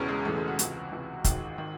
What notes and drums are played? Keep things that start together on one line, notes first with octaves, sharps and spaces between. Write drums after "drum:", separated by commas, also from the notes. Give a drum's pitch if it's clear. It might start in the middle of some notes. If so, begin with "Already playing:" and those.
Already playing: E1 E2 C#3 E3 C#4
G#3
E1 E2 C#3 E3 A3
G#3
F#4
C#2 C3 E3 F#4, drum: hi-hat
C#2 C3 E3
G#1 G#2 D#3, drum: kick, hi-hat
D#3